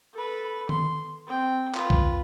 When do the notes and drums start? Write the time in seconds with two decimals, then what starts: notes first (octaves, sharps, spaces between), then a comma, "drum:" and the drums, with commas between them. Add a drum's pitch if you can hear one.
0.13 A4 B4
0.69 C6, drum: tom D#3
1.27 C4 G5
1.75 F4 B4, drum: clap
1.90 drum: kick C2